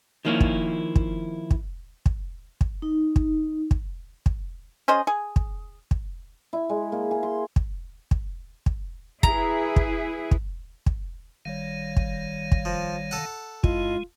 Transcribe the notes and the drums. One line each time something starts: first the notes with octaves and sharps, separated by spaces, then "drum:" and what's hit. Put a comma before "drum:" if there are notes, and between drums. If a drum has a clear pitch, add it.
D#3 F3 A#3 C#4 E4
drum: kick
drum: kick
drum: kick
drum: kick
drum: kick
D#4
drum: kick
drum: kick
drum: kick
C#4 G#4 C5 D#5
G#4
drum: kick
drum: kick
E4
G#3
A#3
G#4
C6
drum: kick
drum: kick
drum: kick
E4 G#4 B4 A#5, drum: kick
drum: kick
drum: kick
drum: kick
G#1 D#3 G3 C#5 F5
drum: kick
drum: kick
F3
A4 F#5
F#2 G#3 E4 F4 D#5, drum: kick